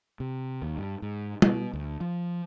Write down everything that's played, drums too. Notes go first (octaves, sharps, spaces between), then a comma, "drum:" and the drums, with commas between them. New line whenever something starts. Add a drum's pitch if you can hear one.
C3
D#2
G2
G#2
B2, drum: tom
D2
F3